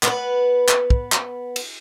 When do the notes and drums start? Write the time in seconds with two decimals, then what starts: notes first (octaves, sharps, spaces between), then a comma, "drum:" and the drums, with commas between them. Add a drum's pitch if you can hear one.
0.03 B3 B4, drum: clap
0.69 drum: clap
0.90 drum: kick
1.12 drum: clap
1.56 drum: cymbal